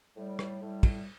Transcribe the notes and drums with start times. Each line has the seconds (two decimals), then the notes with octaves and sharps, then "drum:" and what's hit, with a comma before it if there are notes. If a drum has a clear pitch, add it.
0.16 A2 G3
0.39 drum: rim click
0.62 A2 G3
0.83 drum: kick, cymbal